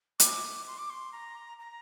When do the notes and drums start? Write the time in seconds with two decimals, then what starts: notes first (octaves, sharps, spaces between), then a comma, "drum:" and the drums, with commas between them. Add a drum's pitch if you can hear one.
0.20 D6, drum: hi-hat
0.67 C6
0.78 D6
0.90 C6
1.12 A#5
1.59 A#5